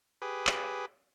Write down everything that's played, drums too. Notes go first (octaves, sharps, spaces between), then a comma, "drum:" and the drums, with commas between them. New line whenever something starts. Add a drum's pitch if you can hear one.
G4 G#4 B4
drum: clap